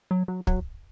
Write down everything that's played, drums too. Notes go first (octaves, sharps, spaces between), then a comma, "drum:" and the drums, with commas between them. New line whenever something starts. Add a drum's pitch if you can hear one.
F#3
F#3
F#3, drum: kick